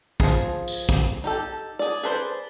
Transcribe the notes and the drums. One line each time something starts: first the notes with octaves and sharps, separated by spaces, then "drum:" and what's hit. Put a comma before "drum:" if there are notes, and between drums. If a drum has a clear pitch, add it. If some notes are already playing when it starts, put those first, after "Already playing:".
F3 G#4, drum: kick
drum: tambourine
drum: kick
D#4 G4 A4
G#4 D5
G#4 A4 B4 C5 D5